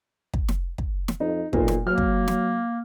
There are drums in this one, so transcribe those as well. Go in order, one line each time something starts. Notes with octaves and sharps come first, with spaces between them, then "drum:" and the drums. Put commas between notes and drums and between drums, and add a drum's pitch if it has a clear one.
drum: kick
drum: snare
drum: kick
drum: snare
F2 D#4
B1 A#2 A#3, drum: kick
drum: snare
F#3 A#3 F6
drum: kick
drum: snare